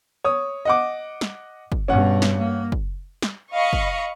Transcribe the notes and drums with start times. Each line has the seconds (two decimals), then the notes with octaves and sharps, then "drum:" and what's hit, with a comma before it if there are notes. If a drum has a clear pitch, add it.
0.24 C#5 D#6
0.65 D#5 F#5 D6
1.21 drum: snare
1.72 drum: kick
1.88 G2 B2 C#4 F#5
2.22 drum: snare
2.38 A#3
2.72 drum: kick
3.22 drum: snare
3.54 D#5 F5 B5 C#6
3.73 drum: kick